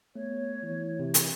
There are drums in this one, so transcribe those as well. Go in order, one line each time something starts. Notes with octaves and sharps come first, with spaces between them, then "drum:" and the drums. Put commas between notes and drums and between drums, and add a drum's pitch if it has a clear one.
A3 B3 C#5
E3
C3
drum: hi-hat